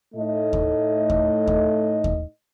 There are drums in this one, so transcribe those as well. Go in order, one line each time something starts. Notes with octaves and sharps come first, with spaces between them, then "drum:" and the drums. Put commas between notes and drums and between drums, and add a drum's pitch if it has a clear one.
A2 A3 D#4 D#5
drum: kick D#2
drum: kick D#2
drum: kick D#2
drum: kick D#2